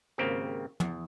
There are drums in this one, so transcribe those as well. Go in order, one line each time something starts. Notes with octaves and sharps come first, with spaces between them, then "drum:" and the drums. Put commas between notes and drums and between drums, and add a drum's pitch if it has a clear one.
G#1 C#3 A#3 C4 G4
E2, drum: tom